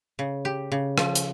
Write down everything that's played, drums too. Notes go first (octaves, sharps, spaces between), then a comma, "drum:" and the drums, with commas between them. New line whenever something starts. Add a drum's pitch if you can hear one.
C#3
G4
C#3
F3, drum: rim click
drum: hi-hat